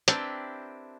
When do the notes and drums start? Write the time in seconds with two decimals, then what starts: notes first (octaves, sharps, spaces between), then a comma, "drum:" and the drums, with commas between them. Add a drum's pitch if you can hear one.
0.08 C4 D4 E4 G4 A#4 B4, drum: hi-hat